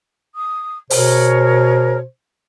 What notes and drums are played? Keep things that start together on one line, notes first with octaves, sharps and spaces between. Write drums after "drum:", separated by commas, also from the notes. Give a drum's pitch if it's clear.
D#6
B2 G#4 A#4 C5 C#5, drum: open hi-hat